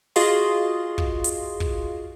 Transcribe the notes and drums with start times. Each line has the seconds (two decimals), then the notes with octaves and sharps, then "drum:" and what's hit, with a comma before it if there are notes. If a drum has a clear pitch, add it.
0.16 F4 F#4 G#4 D#5 F5 C6, drum: open hi-hat
0.98 drum: kick
1.24 drum: hi-hat
1.60 drum: kick